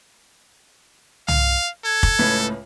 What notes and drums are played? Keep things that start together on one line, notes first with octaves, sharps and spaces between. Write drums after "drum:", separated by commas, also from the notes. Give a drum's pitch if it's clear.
F5, drum: tom
A4 G#6
drum: kick
C#2 A2 B4